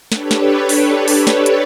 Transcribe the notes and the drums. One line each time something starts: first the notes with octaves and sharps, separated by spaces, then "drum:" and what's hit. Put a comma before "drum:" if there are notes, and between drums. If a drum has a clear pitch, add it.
D4 G4 A4 B4 C#5, drum: snare
drum: snare
drum: open hi-hat
drum: open hi-hat
drum: snare
drum: hi-hat